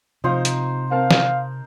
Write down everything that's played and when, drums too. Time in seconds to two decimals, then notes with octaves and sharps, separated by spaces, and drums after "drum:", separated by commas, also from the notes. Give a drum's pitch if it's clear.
0.24 C3 F3 D#4 C5 F5 A#5
0.45 drum: hi-hat
0.91 C4 A#4 F5 A5
1.11 drum: snare